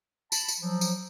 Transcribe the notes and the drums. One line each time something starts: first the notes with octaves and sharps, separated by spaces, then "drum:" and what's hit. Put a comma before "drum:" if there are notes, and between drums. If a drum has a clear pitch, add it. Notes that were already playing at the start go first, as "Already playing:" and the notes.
A5 B5, drum: tambourine
drum: tambourine
F3 F#3
drum: tambourine